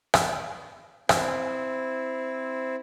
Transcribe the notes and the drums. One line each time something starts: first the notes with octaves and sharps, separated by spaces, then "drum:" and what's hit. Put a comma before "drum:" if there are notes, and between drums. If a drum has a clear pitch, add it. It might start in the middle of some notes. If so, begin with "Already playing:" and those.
drum: rim click
C4 E4, drum: rim click